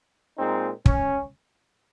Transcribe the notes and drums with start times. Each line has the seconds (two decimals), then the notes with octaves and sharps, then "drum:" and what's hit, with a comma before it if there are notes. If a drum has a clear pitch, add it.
0.36 A#2 G#3 C4 D#4
0.86 C#4, drum: kick